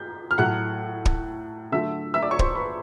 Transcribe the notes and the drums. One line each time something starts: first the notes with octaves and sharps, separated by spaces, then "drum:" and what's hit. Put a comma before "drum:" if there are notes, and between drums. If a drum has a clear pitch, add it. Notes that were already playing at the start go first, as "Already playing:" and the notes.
Already playing: G6
F6
A2 F#3 A3 F#5 F#6
drum: kick
D3 F#3 A3 E5 E6
E5 E6
D5 D6
C#5 C#6
C5 C6, drum: kick
B4 B5